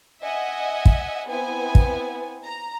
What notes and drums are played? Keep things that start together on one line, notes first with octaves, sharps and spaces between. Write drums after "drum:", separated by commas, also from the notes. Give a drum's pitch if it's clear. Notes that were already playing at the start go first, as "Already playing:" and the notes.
D#5 E5 F#5 G#5
drum: kick
B3 C4 E4 G#5
drum: kick
A#5